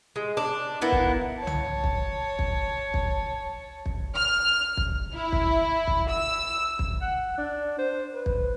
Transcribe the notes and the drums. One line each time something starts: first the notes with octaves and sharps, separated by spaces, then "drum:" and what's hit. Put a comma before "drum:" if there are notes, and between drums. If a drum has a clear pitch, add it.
G#3
D4
A#3 B3 E4
drum: kick
C#5 A5
drum: tom C2
drum: kick
drum: kick
drum: kick
drum: kick
F6
drum: kick
E4
drum: kick
drum: kick
E6
drum: kick
F#5
D4
C5
B4
drum: kick